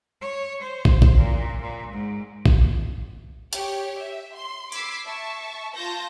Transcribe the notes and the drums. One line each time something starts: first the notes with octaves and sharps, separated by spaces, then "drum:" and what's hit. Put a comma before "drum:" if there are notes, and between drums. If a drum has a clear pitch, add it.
C#5
C5
drum: kick
drum: kick
A#2
A#2
G#2
drum: kick
G4 C#5, drum: hi-hat
E5
C6
B5 D6 E6 G#6 B6 C7, drum: tambourine
E5 A5 C#6
F4 A5 G6 A#6